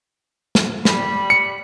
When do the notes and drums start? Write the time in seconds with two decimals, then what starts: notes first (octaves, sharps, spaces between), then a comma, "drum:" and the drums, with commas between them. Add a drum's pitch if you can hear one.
0.55 drum: snare
0.85 G3 B5, drum: snare
1.30 C#7